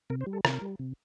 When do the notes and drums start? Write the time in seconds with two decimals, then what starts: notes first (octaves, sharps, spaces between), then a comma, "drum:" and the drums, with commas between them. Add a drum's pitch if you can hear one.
0.10 C3 A#4
0.21 C5
0.27 G3
0.33 A4
0.45 C3 A#4, drum: rim click
0.61 G3
0.79 C3